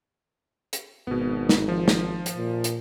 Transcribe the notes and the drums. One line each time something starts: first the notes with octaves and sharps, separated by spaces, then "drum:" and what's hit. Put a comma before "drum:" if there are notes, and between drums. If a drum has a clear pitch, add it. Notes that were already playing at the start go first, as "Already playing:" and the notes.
drum: hi-hat
G#1 B2 B3
drum: snare
F3
drum: snare
drum: hi-hat
A#2
drum: hi-hat